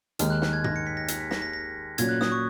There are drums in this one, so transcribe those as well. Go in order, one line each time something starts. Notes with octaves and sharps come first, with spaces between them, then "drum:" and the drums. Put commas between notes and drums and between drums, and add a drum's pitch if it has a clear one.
D#2 D#3 G#3 D#4 G#4 F6, drum: hi-hat
F#6
F#6, drum: snare
G#6
A#6, drum: tom
C#7
B6
A#6
B6, drum: hi-hat
B6
A#6, drum: snare
A#6
A#6
A#2 F#3 C#4 G#6, drum: hi-hat
F#6
D#6, drum: snare
C#6